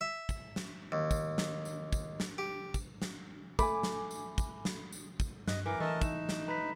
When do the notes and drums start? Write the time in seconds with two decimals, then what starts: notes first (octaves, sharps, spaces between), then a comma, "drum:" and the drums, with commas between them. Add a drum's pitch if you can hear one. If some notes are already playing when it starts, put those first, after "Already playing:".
0.01 E5
0.29 drum: kick, tambourine
0.56 drum: snare
0.92 D#2
1.11 drum: kick, tambourine
1.38 drum: snare
1.65 drum: tambourine
1.93 drum: kick, tambourine
2.20 drum: snare
2.38 G4
2.74 drum: kick, tambourine
3.02 drum: snare
3.59 A3 G#5 B5 D6, drum: kick, tambourine
3.83 drum: snare
4.11 drum: tambourine
4.38 drum: kick, tambourine
4.65 drum: snare
4.92 drum: tambourine
5.20 drum: kick, tambourine
5.48 G2 D#5 F#6, drum: snare
5.66 E3 A#4 D6 A#6
5.80 E3 A3 A#4 D#5 E5 A5
6.01 D#4 E7, drum: kick, tambourine
6.29 drum: snare
6.48 B4 A#5 B5 B6